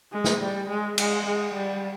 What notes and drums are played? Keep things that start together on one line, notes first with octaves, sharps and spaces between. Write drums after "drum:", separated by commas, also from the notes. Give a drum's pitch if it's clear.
G#3
drum: snare
G3
G#3
G#3, drum: cymbal
G#3
G3